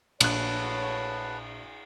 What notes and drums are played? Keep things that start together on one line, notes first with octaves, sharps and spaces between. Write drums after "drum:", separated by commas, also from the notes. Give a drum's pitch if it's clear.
A#1 A3 F#4 B4 C#5 F#5 A5 F#6, drum: cymbal